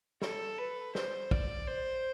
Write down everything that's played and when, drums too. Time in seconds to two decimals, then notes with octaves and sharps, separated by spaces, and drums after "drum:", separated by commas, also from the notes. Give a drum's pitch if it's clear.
0.22 A4, drum: snare
0.59 B4
0.95 C5, drum: snare
1.31 D5, drum: kick
1.67 C5